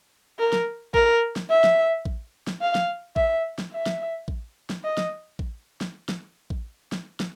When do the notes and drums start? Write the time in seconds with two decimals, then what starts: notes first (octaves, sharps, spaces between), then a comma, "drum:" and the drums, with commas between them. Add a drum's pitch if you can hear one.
0.39 A#4
0.53 drum: snare
0.94 A#4, drum: kick A1
1.36 drum: snare
1.50 E5
1.64 drum: snare
2.05 drum: kick A1
2.47 drum: snare
2.61 F5
2.75 drum: snare
3.16 E5, drum: kick A1
3.58 drum: snare
3.72 E5
3.86 drum: snare
4.28 drum: kick A1
4.70 drum: snare
4.84 D#5
4.97 drum: snare
5.39 drum: kick A1
5.81 drum: snare
6.09 drum: snare
6.50 drum: kick A1
6.92 drum: snare
7.20 drum: snare